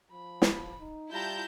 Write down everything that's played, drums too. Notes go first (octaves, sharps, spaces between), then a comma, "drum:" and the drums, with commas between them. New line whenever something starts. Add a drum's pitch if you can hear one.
F3 B5
drum: snare
D#4
G3 E4 F4 A5 A#5 G6